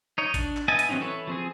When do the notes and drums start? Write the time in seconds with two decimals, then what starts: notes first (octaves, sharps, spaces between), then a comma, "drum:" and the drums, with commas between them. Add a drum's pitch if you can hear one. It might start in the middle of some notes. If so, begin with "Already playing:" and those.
0.18 D#4 C#5
0.34 D4, drum: kick G#1, hi-hat
0.57 drum: clap
0.68 B3 E4 D#5 G#5 A5
0.79 drum: hi-hat
0.89 E3 F#3 C4 C#4 D#4
1.01 E3 A4 B4 C#5
1.27 F3 C4 G#4